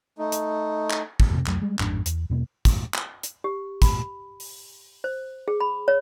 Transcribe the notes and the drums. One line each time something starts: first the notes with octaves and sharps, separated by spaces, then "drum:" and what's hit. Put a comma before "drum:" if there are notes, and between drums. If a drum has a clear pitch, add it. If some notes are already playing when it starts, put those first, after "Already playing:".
A3 D#4
drum: hi-hat
drum: clap
drum: kick
F2 C3
C2 F2 F#3 A3, drum: clap
G3 G#3
A1 F2 G#2 D4, drum: clap
E2, drum: hi-hat
E2 B2 A3 A#3
drum: kick, hi-hat
drum: clap
drum: hi-hat
G4
B5, drum: kick, hi-hat
drum: open hi-hat
C5
G#4
B5
C#5